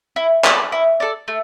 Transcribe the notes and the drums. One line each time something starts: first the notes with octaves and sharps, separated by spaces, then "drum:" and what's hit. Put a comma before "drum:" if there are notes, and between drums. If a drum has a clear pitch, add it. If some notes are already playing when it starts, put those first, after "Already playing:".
E4
A4, drum: clap
D5
E4
A4 D5
A3